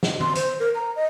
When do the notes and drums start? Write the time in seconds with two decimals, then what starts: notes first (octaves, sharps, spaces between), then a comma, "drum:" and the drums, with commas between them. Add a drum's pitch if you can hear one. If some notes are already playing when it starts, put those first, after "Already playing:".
0.03 drum: snare
0.21 C6, drum: tom
0.35 C5, drum: hi-hat
0.60 A#4
0.75 A#5
0.96 D#5